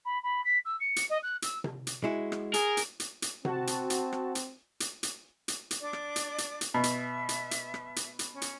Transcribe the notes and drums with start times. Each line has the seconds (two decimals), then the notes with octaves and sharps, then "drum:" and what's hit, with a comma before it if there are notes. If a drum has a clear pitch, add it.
0.05 B5
0.23 B5
0.44 B6
0.65 E6
0.80 C#7
0.96 drum: hi-hat
1.09 D#5
1.22 F#6
1.42 E6, drum: hi-hat
1.64 drum: tom C3
1.87 drum: hi-hat
2.04 G#3 E4 F#4
2.32 drum: rim click
2.54 G#4 A#4, drum: hi-hat
2.77 drum: hi-hat
3.00 drum: hi-hat
3.22 drum: hi-hat
3.45 C4 F#4 A5, drum: tom C3
3.67 drum: hi-hat
3.90 drum: hi-hat
4.13 drum: rim click
4.35 drum: hi-hat
4.80 drum: hi-hat
5.03 drum: hi-hat
5.48 drum: hi-hat
5.71 drum: hi-hat
5.80 D4 D5 D6
5.93 drum: rim click
6.16 drum: hi-hat
6.38 drum: hi-hat
6.61 drum: hi-hat
6.74 B2 E5
6.83 drum: hi-hat
7.29 drum: hi-hat
7.51 drum: hi-hat
7.74 drum: rim click
7.96 drum: hi-hat
8.19 drum: hi-hat
8.32 C#4
8.42 drum: hi-hat